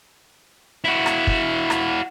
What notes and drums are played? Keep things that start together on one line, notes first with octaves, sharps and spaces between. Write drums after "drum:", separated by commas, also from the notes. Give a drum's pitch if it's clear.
E4 F#4
drum: rim click
drum: kick
drum: rim click